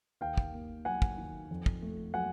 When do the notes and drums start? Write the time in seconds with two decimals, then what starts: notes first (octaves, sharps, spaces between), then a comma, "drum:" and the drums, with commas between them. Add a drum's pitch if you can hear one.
0.21 D#2 F5 G5
0.38 drum: kick
0.54 A#3
0.85 F#3 F#5 G#5
1.02 drum: kick
1.18 D#3
1.51 F2
1.66 drum: kick
1.82 A3
2.14 F#3 F#5 G#5